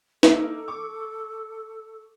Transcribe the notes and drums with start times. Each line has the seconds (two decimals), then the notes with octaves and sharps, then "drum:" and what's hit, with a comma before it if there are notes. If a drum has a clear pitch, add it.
0.23 A#3 D#4 A4, drum: snare
0.68 C#6 D6